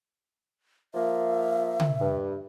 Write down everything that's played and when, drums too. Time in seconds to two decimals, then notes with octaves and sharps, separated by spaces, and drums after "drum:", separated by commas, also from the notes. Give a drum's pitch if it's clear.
0.94 F3 A#3 E5
1.80 drum: tom C#3
2.00 G2